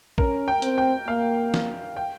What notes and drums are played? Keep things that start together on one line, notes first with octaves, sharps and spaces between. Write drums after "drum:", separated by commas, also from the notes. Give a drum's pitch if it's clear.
C#4 A#4, drum: kick A#1
G5
C4, drum: hi-hat
G5
A#3 F5
drum: snare
G5